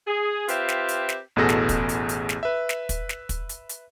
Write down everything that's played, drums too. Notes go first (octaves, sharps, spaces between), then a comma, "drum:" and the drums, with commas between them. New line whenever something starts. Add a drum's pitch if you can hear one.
G#4
C4 F4 G4 B4 E5, drum: hi-hat
drum: snare
drum: hi-hat
drum: snare
A1 E2 B2 G#4 A4 A#6
drum: snare
drum: kick, hi-hat
drum: hi-hat
drum: hi-hat
drum: snare
B4 E5
drum: snare
drum: kick, hi-hat
drum: snare
drum: kick, hi-hat
drum: hi-hat
drum: hi-hat